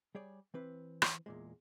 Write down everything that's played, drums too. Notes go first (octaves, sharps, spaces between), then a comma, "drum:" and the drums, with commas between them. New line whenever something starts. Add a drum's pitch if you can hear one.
G3 G#4 C#5 D5
E3 C4 B4
drum: rim click
E2 A#2 G#3